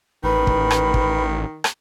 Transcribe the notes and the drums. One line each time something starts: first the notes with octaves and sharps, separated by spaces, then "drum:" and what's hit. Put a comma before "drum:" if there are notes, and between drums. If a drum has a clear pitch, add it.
A1 D#3 B4 B5
drum: kick
drum: rim click
drum: kick
drum: rim click